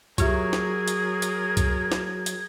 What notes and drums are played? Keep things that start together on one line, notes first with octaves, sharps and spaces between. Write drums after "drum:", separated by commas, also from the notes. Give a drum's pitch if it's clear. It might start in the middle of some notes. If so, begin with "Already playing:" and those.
F#3 F4 G4 G#4 A#4 E5 G#6, drum: kick C2, hi-hat
drum: snare
drum: hi-hat
drum: hi-hat
drum: kick C2, hi-hat
drum: snare
drum: hi-hat